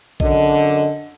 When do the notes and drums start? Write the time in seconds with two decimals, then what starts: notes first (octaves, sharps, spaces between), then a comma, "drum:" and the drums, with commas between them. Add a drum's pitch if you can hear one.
0.20 F#2 D3 D#5, drum: kick A#1